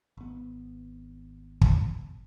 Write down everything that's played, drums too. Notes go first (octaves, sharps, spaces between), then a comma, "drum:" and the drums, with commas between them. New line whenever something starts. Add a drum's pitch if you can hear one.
G#1 B3
drum: kick